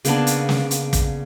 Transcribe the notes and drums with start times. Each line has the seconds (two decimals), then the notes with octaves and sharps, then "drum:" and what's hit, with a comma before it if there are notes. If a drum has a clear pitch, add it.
0.05 C#3 A#3 B3 D4, drum: hi-hat
0.27 drum: hi-hat
0.49 drum: snare
0.71 drum: hi-hat
0.93 drum: kick, hi-hat